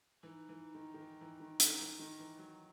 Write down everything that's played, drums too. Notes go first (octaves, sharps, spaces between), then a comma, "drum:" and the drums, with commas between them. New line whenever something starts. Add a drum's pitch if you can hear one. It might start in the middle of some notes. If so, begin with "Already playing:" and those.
E3 D#4
E3
D#3
D#3
E3
E3
D#3
D#3, drum: hi-hat
E3
D#3
E3
F#3